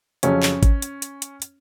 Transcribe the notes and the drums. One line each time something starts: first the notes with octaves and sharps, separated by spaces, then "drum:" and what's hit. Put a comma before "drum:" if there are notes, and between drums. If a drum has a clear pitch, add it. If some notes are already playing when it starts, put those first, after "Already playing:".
F2 C#3 F#3 C#4, drum: hi-hat
drum: clap
drum: kick G#1, hi-hat
drum: hi-hat
drum: hi-hat
drum: hi-hat
drum: hi-hat